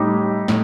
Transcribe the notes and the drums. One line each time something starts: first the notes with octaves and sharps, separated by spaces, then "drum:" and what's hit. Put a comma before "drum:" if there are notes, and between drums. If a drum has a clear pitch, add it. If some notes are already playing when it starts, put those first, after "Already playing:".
Already playing: A2 G3 D#4 G4
A2, drum: snare